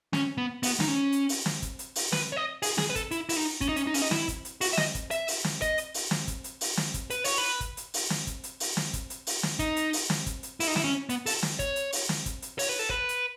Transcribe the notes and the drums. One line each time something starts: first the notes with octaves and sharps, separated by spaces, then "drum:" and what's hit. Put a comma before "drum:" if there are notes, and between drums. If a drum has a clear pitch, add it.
C#4, drum: snare
B3
B3, drum: open hi-hat
D#4, drum: snare
C#4
drum: hi-hat
drum: open hi-hat
drum: snare
drum: kick, hi-hat
drum: hi-hat
drum: open hi-hat
B4, drum: snare
C#5
D#5
G#4, drum: open hi-hat
G#4, drum: snare
B4
A4, drum: kick, hi-hat
E4, drum: hi-hat
E4, drum: open hi-hat
D#4
C#4, drum: kick, hi-hat
D#4
C#4, drum: hi-hat
D#4
C#4, drum: open hi-hat
D#4
E4, drum: snare
drum: kick, hi-hat
drum: hi-hat
F#4, drum: open hi-hat
E5
D#5, drum: snare
drum: kick, hi-hat
E5, drum: hi-hat
drum: open hi-hat
drum: snare
D#5, drum: kick, hi-hat
drum: hi-hat
drum: open hi-hat
drum: snare
drum: kick, hi-hat
drum: hi-hat
drum: open hi-hat
drum: snare
drum: kick, hi-hat
B4, drum: hi-hat
C#5, drum: open hi-hat
B4
drum: kick, hi-hat
drum: hi-hat
drum: open hi-hat
drum: snare
drum: kick, hi-hat
drum: hi-hat
drum: open hi-hat
drum: snare
drum: kick, hi-hat
drum: hi-hat
drum: open hi-hat
drum: snare
D#4, drum: kick, hi-hat
drum: hi-hat
drum: open hi-hat
drum: snare
drum: kick, hi-hat
drum: hi-hat
E4, drum: open hi-hat
D#4
E4, drum: snare
C#4
B3, drum: hi-hat
A4, drum: open hi-hat
drum: snare
C#5, drum: kick, hi-hat
drum: hi-hat
drum: open hi-hat
drum: snare
drum: kick, hi-hat
drum: hi-hat
C#5, drum: open hi-hat
B4
A4
B4, drum: kick
drum: hi-hat